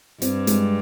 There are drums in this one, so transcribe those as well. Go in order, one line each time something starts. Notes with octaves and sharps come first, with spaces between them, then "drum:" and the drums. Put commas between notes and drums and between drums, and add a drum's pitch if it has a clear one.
G2 C4, drum: hi-hat
G#3, drum: hi-hat